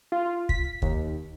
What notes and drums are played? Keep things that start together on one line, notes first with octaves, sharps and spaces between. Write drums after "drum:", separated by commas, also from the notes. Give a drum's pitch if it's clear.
F4
B6, drum: kick
D#2, drum: kick